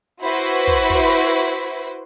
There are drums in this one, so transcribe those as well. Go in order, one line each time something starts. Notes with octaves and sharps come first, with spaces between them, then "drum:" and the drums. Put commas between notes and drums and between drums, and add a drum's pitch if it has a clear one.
E4 F#4 B4 C5
drum: hi-hat
drum: kick, hi-hat
drum: kick, hi-hat
drum: hi-hat
drum: hi-hat
drum: hi-hat